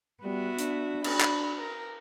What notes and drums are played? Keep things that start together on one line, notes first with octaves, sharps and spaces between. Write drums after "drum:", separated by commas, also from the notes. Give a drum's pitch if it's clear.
G3 B3 F#4 E5
D4, drum: hi-hat
F#4 B5, drum: cymbal
drum: clap
A#4